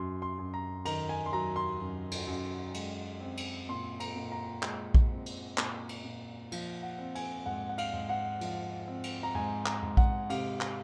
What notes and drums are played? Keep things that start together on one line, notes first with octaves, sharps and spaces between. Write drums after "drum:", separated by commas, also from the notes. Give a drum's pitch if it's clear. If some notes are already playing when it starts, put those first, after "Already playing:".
Already playing: F#2 F#3 C6
C6
F#2
A#5
D#3 A#5, drum: cymbal
G#5
C6
F#3 A#5
C6
F#2
drum: cymbal
F#2
G#3, drum: cymbal
C4
drum: cymbal
A#2 C6
A#5, drum: cymbal
A#2
A#5
G#3, drum: clap
drum: kick A#1
C4
drum: cymbal
A#2, drum: clap
drum: cymbal
A#2
F3, drum: cymbal
F#5
C4
G#5, drum: cymbal
G#2 F#5
F#5
F5, drum: cymbal
G#2
F#5
F3, drum: cymbal
C4
drum: cymbal
A#5
G#2 G#5
A#5, drum: clap
G#2
F#5, drum: kick A#1
C3 F5, drum: cymbal
F5, drum: clap